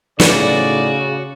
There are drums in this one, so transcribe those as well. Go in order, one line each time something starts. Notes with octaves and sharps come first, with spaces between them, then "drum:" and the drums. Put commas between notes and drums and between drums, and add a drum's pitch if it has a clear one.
A2 C#3 D#4 F#4 D5, drum: snare